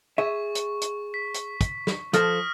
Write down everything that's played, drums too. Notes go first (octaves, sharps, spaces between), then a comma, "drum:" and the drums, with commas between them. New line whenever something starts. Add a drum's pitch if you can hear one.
G#4 E5 C#6
drum: hi-hat
drum: hi-hat
B6
drum: hi-hat
drum: kick, hi-hat
drum: snare
F3 A4 C5 D#6 F6 A#6, drum: hi-hat